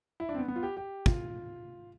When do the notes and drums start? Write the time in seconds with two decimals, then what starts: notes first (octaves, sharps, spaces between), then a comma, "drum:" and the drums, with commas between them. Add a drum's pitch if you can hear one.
0.20 E4
0.29 D4
0.34 C4
0.38 B3
0.48 B3
0.56 F4
0.63 G4
0.77 G4
1.06 F4, drum: kick